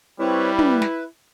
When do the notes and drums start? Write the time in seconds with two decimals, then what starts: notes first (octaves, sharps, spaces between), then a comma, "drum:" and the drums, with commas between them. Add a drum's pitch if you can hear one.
0.20 G3 C4 E4 B4 C#5
0.59 B4, drum: tom
0.82 drum: snare